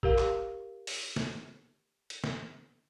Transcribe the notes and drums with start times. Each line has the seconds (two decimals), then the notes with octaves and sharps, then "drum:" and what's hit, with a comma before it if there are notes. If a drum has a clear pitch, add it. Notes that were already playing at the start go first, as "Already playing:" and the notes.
0.03 G4 A#4 F5, drum: kick
0.18 drum: clap
0.87 drum: open hi-hat
1.16 drum: snare
2.10 drum: hi-hat
2.24 drum: snare